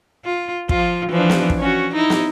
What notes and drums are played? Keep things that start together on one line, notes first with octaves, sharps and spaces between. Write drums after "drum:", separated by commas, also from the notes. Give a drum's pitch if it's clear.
F4
F3 F4, drum: kick
E3 F3 D4
drum: snare
drum: kick
C#4 F#4
D#4 E4
drum: snare